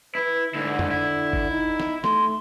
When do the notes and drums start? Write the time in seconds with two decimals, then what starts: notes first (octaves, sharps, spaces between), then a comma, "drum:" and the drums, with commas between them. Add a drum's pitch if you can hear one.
0.15 E4 B4
0.54 G#2 D3 E4
0.79 drum: tom F2
0.91 E4
1.33 drum: kick G1
1.50 D#4
1.80 drum: snare
2.04 A3 C6, drum: snare